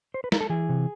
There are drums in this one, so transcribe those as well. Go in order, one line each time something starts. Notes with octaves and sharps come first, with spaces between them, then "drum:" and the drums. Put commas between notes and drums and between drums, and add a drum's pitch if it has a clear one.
C5
B4
A#4, drum: snare
A4
E3 G#4
C3